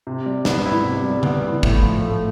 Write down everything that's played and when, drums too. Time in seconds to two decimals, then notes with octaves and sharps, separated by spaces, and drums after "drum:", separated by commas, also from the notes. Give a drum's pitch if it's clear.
0.07 C3
0.26 G3
0.45 B3, drum: snare
0.66 E4
0.84 C3
1.04 G3
1.23 B3, drum: tom C#3
1.43 E4
1.63 A2, drum: kick
1.81 F3
2.02 A3